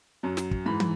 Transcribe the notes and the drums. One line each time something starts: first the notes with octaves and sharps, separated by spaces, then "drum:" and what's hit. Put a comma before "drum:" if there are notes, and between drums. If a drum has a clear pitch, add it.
F#2 F#3
drum: snare
drum: kick
G#2 E3 B5
drum: tom